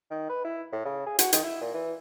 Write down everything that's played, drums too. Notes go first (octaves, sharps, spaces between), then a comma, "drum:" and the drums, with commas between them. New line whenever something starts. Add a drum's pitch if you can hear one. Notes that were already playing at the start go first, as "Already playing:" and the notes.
D#3
B4
E4
A2
C#3
G#4
F#4, drum: hi-hat
D#3, drum: hi-hat
E4
A#2
E3